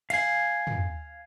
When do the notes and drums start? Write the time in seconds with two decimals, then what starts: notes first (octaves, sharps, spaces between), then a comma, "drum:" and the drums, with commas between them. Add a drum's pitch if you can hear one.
0.10 F5 G#5, drum: cymbal
0.67 drum: tom